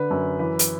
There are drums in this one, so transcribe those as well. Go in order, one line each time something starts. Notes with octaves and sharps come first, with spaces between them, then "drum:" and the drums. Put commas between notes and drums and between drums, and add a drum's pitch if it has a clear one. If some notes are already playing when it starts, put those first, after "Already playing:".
Already playing: D3 B4
F#2
E3 B4
drum: hi-hat